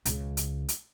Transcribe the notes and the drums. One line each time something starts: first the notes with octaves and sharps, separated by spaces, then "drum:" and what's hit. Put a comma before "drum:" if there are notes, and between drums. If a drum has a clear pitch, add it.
C#2 C#3, drum: hi-hat
drum: hi-hat
drum: hi-hat